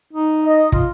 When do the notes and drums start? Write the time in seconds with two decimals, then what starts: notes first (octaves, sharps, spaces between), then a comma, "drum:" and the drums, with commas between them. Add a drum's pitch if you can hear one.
0.13 D#4
0.43 D#5
0.72 F4, drum: kick